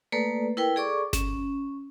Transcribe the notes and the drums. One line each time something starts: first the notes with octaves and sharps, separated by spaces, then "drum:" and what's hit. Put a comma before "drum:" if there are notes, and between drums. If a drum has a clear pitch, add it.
A3 A#3 A4 B4 D5
E4 A#4 B4 G5
G#4 A4 D5 C#6 D6
C#4, drum: snare G1